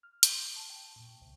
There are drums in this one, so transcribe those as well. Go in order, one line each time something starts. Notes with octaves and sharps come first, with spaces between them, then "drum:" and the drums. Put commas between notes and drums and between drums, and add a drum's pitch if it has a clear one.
F6
G6, drum: hi-hat
A5
G5
A#2
C#2